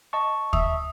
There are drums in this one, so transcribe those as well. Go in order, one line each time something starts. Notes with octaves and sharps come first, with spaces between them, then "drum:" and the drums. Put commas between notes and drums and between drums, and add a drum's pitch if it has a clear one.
D#5 A5 C#6
E5 D#6, drum: kick